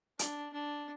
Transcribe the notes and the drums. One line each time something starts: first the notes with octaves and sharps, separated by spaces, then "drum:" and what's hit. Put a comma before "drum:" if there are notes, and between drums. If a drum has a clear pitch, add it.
D4, drum: hi-hat
D4